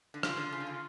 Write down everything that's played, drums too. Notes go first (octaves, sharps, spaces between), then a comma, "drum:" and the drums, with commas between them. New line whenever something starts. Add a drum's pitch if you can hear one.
D3
C#3 F4, drum: rim click
D3
C#3
D3
C#3